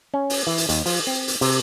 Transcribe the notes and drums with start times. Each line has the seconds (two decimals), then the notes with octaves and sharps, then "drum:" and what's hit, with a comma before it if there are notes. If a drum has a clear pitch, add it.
0.14 C#4
0.30 drum: open hi-hat
0.47 E3
0.58 drum: hi-hat
0.69 D#2, drum: hi-hat
0.86 F3, drum: open hi-hat
1.07 C4
1.28 drum: hi-hat
1.41 C3, drum: open hi-hat